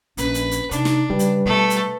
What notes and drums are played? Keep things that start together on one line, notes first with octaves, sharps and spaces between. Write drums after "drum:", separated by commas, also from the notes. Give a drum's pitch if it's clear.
A#1 C#4 B4, drum: hi-hat
drum: hi-hat
drum: hi-hat
C3 D4 D#4, drum: hi-hat
drum: snare
C#3 G3 B4
drum: hi-hat
B2 A3 A4
drum: hi-hat